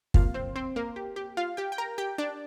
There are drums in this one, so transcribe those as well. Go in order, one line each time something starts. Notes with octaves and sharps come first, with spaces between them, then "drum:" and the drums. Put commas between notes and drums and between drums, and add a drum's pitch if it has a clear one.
C3 F3 A#3 F4 F5, drum: kick
C4 C5
C4 C5
A#3 A#4
G4
G4
F4 F5
G4 G5
G5
A#4 A#5
G4 G5
D4 D5